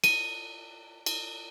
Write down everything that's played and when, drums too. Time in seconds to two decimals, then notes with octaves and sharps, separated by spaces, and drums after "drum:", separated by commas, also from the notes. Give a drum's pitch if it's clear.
0.04 D#7, drum: cymbal
1.06 drum: cymbal